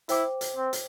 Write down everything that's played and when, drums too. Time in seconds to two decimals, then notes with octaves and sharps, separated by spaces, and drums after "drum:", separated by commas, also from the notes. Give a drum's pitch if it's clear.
0.09 E4 C5 G5 D6, drum: hi-hat
0.41 drum: hi-hat
0.56 C4
0.73 drum: hi-hat